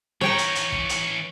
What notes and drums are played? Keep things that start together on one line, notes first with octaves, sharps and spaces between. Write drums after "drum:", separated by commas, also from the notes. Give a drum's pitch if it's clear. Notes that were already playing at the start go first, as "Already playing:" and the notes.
E3 C#4 C#5 G5 A#5
drum: hi-hat
drum: hi-hat
drum: kick
drum: hi-hat